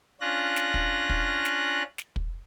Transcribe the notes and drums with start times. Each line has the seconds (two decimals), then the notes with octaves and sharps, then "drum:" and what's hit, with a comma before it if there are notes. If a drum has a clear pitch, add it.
0.21 C#4 D4 F4 F#6 A#6
0.56 drum: snare
0.74 drum: kick
1.09 drum: kick
1.45 drum: snare
1.98 drum: snare
2.16 drum: kick